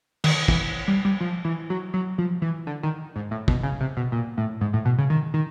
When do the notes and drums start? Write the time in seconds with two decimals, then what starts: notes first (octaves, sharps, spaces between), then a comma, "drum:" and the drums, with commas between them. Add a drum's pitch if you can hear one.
0.24 D#3, drum: cymbal
0.48 E3, drum: kick
0.88 G3
1.05 G3
1.21 F3
1.44 E3
1.70 F#3
1.94 F#3
2.18 F3
2.42 E3
2.67 D3
2.83 D#3
3.16 G#2
3.31 A2
3.48 B2, drum: kick
3.63 C#3
3.81 C3
3.97 B2
4.12 A#2
4.37 A2
4.61 G#2
4.73 A2
4.85 B2
4.98 C#3
5.10 D#3
5.34 D#3